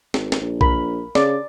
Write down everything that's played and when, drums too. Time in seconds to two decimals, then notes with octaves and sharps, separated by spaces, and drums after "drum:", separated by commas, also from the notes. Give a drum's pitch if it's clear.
0.14 G#1, drum: snare
0.32 drum: snare
0.41 A#1
0.61 A#4 B5, drum: kick B1
1.15 C#3 D5, drum: snare